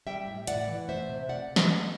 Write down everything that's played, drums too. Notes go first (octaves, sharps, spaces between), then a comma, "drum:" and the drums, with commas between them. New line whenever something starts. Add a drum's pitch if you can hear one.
G3 E5 G5
A2
A2 D5 F#5, drum: hi-hat
E3
A3 C5 E5
C3
C3 D5 F#5
drum: snare